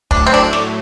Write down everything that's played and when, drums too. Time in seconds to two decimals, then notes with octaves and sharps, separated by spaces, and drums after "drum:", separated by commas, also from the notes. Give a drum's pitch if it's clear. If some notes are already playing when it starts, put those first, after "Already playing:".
0.11 A2 F#3 A3 D4, drum: kick
0.27 C4
0.34 D4
0.53 drum: snare